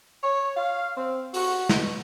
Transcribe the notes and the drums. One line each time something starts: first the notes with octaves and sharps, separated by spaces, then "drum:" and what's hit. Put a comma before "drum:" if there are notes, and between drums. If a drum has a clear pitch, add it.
C#5
F5
C4
F#4, drum: open hi-hat
B2, drum: snare